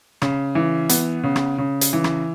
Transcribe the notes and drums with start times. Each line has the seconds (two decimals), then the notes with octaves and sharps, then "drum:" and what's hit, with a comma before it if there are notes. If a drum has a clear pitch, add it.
0.22 C#3, drum: rim click
0.55 E3
0.89 B3, drum: hi-hat
1.24 C#3
1.36 drum: rim click
1.58 C#3
1.81 drum: hi-hat
1.93 E3
2.04 drum: rim click